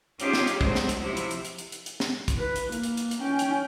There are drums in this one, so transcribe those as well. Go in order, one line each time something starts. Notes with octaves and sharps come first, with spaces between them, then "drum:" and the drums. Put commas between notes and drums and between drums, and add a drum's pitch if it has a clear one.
C#4 D#4 F4 G4 G#4 C5, drum: hi-hat
drum: snare
drum: hi-hat
D2 F#3 G#3 C4, drum: kick
drum: snare
drum: hi-hat
C3 F3 E4
drum: hi-hat
drum: hi-hat
drum: hi-hat
drum: hi-hat
drum: hi-hat
drum: hi-hat
drum: snare
drum: kick, hi-hat
B4
drum: hi-hat
A#3, drum: hi-hat
drum: hi-hat
drum: hi-hat
drum: hi-hat
C#4 G5
drum: hi-hat